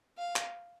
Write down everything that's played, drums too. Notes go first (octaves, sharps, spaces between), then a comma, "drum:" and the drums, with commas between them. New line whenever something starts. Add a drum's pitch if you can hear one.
F5
drum: clap